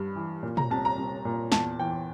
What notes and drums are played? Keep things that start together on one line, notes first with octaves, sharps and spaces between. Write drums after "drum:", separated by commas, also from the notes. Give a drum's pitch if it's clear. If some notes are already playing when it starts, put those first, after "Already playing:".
Already playing: G2
E3
A#2
A#5, drum: tom
C2 A5
A#5
C2
A#2
E2 A5, drum: snare
E3 G5